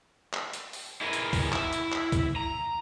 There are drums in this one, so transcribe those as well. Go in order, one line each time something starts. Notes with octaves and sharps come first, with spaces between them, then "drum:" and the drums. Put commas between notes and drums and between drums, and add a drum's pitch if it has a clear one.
drum: clap
drum: hi-hat
drum: open hi-hat
E4 F4 G#4 A#4 B4
drum: hi-hat
drum: kick C#2, open hi-hat
E4, drum: clap
drum: hi-hat
drum: clap
drum: kick C#2, hi-hat
A#5